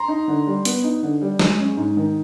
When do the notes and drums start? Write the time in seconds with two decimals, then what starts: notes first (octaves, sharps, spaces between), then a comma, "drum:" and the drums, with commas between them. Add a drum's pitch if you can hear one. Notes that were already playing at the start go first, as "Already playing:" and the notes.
Already playing: A#5 C6
0.08 D#4
0.28 D3
0.47 G3
0.65 B3, drum: hi-hat
0.84 D#4
1.03 D3
1.21 G3
1.39 G#3, drum: snare
1.59 C#4
1.77 G#2
1.97 D#3